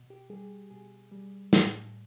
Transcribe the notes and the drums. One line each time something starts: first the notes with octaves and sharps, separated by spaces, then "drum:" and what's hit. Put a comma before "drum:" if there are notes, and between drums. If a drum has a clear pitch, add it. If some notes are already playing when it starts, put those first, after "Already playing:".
Already playing: B2
G4
G3 G#4
B2 G#4
G3
A2, drum: snare